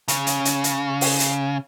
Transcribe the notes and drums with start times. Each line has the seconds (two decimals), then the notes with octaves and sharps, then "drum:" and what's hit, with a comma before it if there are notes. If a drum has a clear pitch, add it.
0.08 C#3, drum: hi-hat
0.27 drum: hi-hat
0.45 drum: hi-hat
0.64 drum: hi-hat
1.01 drum: open hi-hat
1.20 drum: hi-hat